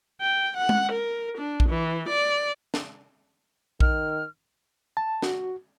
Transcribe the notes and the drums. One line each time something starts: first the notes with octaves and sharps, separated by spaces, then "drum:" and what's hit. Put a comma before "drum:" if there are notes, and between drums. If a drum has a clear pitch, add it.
G5
F#5
drum: tom G#3
A#4
D4
drum: kick A#1
E3
D5
drum: snare
D#3 F6, drum: kick A#1
A5
F#4, drum: snare